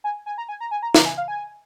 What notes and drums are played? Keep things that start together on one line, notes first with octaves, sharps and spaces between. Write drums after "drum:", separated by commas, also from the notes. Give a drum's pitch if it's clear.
G#5
G#5
A#5
G#5
A#5
G#5
A#5
A#5, drum: snare
G#5
F5
G#5